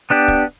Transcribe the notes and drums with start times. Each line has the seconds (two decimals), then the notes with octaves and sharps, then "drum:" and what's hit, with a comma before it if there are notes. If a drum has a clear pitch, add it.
0.10 B3 D4 G4
0.28 drum: kick